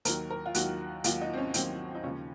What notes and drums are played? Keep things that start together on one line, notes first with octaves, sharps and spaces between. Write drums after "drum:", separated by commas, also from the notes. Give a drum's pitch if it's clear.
D#2 D#3 F#3 A#4, drum: hi-hat
A#4
F4
D#2 D#3 F#3 F#4, drum: hi-hat
D#2 D#3 F#3 F4, drum: hi-hat
D#4
C4
C#4
D#2 D#3 F#3 C4, drum: hi-hat
D#4
D#2 C#3 F3 C#4